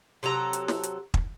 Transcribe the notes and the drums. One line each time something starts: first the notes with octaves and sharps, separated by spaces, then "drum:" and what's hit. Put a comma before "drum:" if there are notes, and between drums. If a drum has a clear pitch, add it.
C3 F#3 A4 A#5
drum: hi-hat
drum: snare
drum: hi-hat
drum: kick